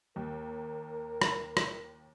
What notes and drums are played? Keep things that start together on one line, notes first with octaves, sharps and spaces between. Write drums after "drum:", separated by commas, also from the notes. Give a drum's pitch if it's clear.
D#2 A#4
drum: rim click
drum: rim click